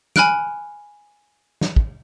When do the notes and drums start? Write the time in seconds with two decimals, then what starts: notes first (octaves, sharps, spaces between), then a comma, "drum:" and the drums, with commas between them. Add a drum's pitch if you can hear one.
0.16 G#5 B5 F6 F#6 D7, drum: snare
1.61 drum: snare
1.77 drum: kick